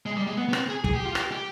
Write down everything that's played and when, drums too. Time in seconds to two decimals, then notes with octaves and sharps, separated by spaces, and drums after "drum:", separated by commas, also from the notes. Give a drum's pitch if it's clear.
0.06 G#3
0.17 G3
0.27 G#3
0.37 B3
0.49 B3
0.53 C4, drum: rim click
0.69 G#4
0.84 G#4, drum: kick
0.94 G4
1.05 F4
1.15 G4, drum: rim click
1.31 G4